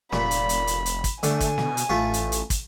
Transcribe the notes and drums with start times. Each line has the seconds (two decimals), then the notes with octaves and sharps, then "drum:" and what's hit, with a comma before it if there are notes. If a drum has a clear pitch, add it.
0.13 F1 A#2 B5, drum: snare
0.31 drum: hi-hat
0.49 drum: hi-hat
0.67 drum: hi-hat
0.86 drum: hi-hat
1.04 drum: kick, hi-hat
1.23 D3 A3 G#5, drum: hi-hat
1.40 drum: kick, hi-hat
1.58 B2, drum: snare
1.77 drum: hi-hat
1.90 A1 A3 F4
2.14 drum: hi-hat
2.32 drum: hi-hat
2.50 drum: kick, hi-hat